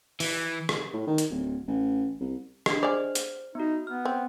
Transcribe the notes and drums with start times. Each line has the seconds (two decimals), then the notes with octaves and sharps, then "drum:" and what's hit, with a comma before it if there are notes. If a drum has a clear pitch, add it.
0.20 E3, drum: open hi-hat
0.69 drum: rim click
0.93 A2
1.07 D#3
1.18 drum: hi-hat
1.30 D1
1.68 A1
2.20 C2
2.66 D4 D#5, drum: rim click
2.83 G#4 C5 D5
3.15 drum: hi-hat
3.55 B3 D#4 F#4
3.87 B3 F6
4.05 C4